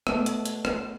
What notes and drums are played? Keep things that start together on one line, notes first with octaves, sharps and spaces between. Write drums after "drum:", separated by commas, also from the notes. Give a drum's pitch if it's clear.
B2 A3 E5, drum: rim click
drum: hi-hat
drum: hi-hat
drum: rim click